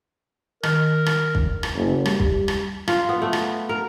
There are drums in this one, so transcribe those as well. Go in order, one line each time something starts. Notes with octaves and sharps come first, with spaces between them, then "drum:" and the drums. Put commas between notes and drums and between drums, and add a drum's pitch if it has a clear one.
D#3 A#4, drum: rim click
drum: rim click
drum: kick
drum: rim click
F#1
G3, drum: rim click
drum: kick
drum: rim click
F4, drum: rim click
B3
A3
drum: rim click
A#4